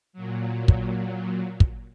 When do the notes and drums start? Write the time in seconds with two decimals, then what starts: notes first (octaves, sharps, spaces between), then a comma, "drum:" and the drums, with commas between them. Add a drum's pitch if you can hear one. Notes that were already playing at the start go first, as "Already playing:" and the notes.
0.13 A#2 F#3
0.68 drum: kick
1.60 drum: kick